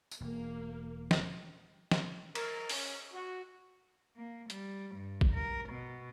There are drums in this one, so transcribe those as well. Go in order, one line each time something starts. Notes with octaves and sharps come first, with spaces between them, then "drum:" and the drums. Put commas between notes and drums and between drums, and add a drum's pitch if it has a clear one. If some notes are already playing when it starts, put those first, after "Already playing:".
drum: tambourine
E1 A#3
drum: snare
drum: snare
A#4, drum: cymbal
C#4, drum: open hi-hat
F#4
A#3
G3, drum: hi-hat
G2
drum: kick
A#4
B2